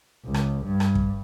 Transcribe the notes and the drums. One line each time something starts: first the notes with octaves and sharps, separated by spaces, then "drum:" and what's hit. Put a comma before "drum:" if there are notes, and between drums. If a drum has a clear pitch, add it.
C#2
drum: rim click
G2
drum: rim click
drum: kick